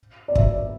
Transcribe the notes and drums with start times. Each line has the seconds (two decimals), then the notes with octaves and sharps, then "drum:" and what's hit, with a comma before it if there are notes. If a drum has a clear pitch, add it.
0.28 D5
0.35 E5, drum: kick
0.53 D5